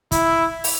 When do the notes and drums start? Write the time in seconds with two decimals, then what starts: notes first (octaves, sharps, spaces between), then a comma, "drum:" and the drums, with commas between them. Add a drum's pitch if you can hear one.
0.12 E4, drum: kick, hi-hat
0.64 drum: open hi-hat